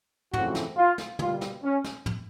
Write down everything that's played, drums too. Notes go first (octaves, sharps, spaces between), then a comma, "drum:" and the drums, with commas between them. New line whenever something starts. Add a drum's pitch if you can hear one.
F2 C#3 E3 A3 C4 F#4, drum: tom
drum: snare
F4
drum: snare
B2 G3 A#3 F4, drum: tom
drum: snare
C#4
drum: snare
drum: tom